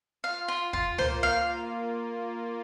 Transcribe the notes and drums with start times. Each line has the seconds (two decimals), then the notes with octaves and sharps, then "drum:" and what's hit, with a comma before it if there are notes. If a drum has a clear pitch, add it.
0.24 F4 F5
0.48 F4
0.73 F4, drum: kick
0.98 A#3 C5, drum: tom C#2
1.23 F5